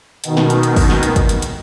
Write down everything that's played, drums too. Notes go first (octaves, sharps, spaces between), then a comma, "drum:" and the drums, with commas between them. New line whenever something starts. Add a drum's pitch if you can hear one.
B2 D#3, drum: hi-hat
drum: snare
drum: hi-hat
drum: hi-hat
drum: kick, open hi-hat
drum: snare
drum: hi-hat
drum: kick, hi-hat
drum: hi-hat
drum: hi-hat